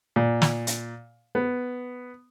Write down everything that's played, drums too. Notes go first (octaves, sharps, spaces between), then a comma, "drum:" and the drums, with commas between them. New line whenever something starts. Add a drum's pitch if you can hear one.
A#2
drum: snare
drum: hi-hat
B3